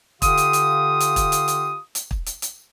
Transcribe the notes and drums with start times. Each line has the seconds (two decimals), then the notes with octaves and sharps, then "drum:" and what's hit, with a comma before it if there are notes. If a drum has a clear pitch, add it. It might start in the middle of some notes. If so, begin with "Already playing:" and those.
0.22 D3 F4 G4 F5 C6 D#6, drum: kick, hi-hat
0.37 drum: hi-hat
0.53 drum: hi-hat
1.00 drum: hi-hat
1.16 drum: kick, hi-hat
1.32 drum: hi-hat
1.48 drum: hi-hat
1.95 drum: hi-hat
2.11 drum: kick
2.26 drum: hi-hat
2.42 drum: hi-hat